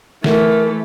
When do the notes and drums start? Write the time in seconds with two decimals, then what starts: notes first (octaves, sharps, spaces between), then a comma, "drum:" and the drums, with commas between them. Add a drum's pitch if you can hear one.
0.24 E3 A3 A#4, drum: snare